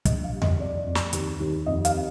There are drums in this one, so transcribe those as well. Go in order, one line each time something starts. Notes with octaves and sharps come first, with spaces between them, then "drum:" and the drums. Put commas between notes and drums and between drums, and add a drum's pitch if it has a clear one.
A#1 D#5, drum: kick, hi-hat
F5
G3
D#5, drum: tom E2
F2 D5
F2
drum: snare
D#2, drum: hi-hat
D#2
F2 D#5
F5, drum: hi-hat